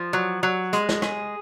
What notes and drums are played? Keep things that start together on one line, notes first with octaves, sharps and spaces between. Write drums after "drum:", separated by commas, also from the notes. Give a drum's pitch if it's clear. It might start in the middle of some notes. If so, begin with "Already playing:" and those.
Already playing: F3
F#3
F#3
G#3, drum: hi-hat
drum: snare
G#4, drum: rim click